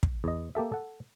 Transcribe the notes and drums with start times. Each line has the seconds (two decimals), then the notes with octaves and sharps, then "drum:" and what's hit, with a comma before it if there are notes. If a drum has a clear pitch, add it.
0.03 drum: kick
0.24 E2 D#5
0.55 A#3 G4 A4 E5
0.72 A4 F#5